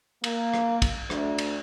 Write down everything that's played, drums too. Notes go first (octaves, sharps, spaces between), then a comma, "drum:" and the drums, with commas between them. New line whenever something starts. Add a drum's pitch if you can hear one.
A#3, drum: cymbal
drum: rim click
drum: kick, cymbal
D2, drum: rim click
drum: cymbal